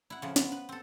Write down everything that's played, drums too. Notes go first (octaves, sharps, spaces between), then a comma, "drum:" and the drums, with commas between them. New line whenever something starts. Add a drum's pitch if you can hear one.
E4 F#5
C#3 F3
B3, drum: snare
B4
C4 A4